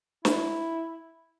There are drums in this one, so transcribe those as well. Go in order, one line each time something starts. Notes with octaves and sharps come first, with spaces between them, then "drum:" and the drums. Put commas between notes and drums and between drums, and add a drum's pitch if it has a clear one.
E4, drum: snare